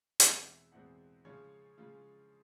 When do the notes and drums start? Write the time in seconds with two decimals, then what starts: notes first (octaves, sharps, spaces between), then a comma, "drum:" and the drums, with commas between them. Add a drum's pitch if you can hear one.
0.20 E2 B2 G#3 C4 E5, drum: hi-hat
0.72 E2 B2 G#3 C4 F#5
1.25 C#3 F3 G#3 C#4 F4 C#5
1.77 C#3 F3 G#3 C#4 F4